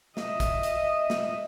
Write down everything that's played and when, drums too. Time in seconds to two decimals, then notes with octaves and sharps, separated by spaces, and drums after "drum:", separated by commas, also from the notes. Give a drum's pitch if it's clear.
0.17 D#5 E5, drum: snare
0.40 drum: kick, hi-hat
0.63 drum: hi-hat
1.10 drum: snare